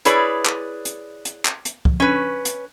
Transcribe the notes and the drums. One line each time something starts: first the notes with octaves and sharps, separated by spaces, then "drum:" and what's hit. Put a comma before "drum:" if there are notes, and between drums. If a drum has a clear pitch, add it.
E4 G#4 B4 C#5 D5, drum: hi-hat
drum: clap
drum: hi-hat
drum: hi-hat
drum: clap
drum: hi-hat
drum: kick
C#4 B4
drum: hi-hat